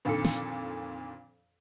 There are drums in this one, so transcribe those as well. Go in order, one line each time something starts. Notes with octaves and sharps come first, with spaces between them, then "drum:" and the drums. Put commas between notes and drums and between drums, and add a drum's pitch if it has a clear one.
F2 A#2 D3 D#3 A4 C#7
drum: snare